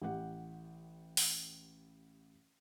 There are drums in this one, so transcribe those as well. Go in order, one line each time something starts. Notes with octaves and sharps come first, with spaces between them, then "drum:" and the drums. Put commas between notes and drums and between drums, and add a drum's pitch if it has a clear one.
A1 G4 F#5
drum: open hi-hat